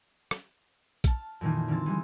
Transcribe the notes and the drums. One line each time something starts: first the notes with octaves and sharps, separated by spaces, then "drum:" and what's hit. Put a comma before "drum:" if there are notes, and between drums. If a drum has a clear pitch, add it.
drum: rim click
A5 F6, drum: kick A#1, hi-hat
F2 A#2 D#3 E3
D3 E3 C4 F6 A6
E3 G3 G#3